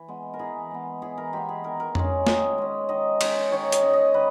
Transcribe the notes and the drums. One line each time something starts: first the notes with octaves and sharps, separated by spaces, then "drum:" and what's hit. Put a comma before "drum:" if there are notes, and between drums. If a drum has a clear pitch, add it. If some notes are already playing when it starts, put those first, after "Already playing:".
Already playing: E3
G#3 B3
A#4
E3 G#4
G#3 B3
E3 G#4
A#4
G#3 B3 G4
G#4
D#3 A#4
A#4
G#3 C#4 G#4, drum: tom F2
D#3 D#5, drum: snare
G#3 C#4
D#3 D#5
G#3 C#4, drum: cymbal
D#3 C#5
D#5, drum: hi-hat
G#3 C#4
D#5
D#3 B4